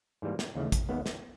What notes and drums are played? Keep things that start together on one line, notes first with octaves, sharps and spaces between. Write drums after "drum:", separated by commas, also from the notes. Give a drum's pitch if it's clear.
G#2 E3 G3 A#3
drum: snare
D#2 C#3 E3 A3
drum: kick, hi-hat
D#2 D#3 G#3 B3
drum: snare